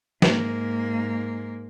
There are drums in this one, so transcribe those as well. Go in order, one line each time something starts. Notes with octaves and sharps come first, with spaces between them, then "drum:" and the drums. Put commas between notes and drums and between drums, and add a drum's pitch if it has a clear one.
G#2 A#3, drum: snare